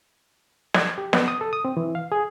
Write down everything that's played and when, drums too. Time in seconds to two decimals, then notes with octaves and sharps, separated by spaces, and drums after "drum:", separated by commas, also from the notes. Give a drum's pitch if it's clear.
0.74 G#6, drum: snare
0.98 G4
1.13 B3, drum: snare
1.28 D#6
1.41 A4
1.53 D#6
1.65 C4
1.77 E3
1.95 F5
2.12 G#4